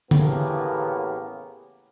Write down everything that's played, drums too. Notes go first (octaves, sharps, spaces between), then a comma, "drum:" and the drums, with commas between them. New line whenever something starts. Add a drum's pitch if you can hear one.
A2 C#3 E3 A#3 B3 G4, drum: tom